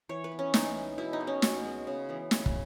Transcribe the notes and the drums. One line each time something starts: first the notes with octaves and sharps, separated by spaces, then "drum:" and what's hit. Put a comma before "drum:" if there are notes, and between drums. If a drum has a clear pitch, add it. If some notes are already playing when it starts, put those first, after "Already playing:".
E3 C#5
B4
B3
C#4
E3 D#4, drum: snare
B3
B2 E4
D#4
G#3 B3
C#4
B2 F#4, drum: snare
G#3 B3
C#3
E3 B3
C#3, drum: snare
drum: kick